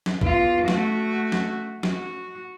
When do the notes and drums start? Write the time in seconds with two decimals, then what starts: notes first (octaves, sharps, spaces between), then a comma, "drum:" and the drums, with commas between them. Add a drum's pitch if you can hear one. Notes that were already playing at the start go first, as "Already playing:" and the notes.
0.06 drum: snare
0.21 E2 F4, drum: kick A1
0.68 A3 F#4, drum: snare
1.32 drum: snare
1.83 F#4, drum: snare